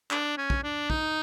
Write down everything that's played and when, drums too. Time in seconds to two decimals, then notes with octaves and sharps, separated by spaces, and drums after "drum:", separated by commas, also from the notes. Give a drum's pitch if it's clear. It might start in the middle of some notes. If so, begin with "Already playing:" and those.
0.11 D4, drum: clap
0.37 C#4
0.50 drum: kick
0.63 D4
0.90 D#4, drum: kick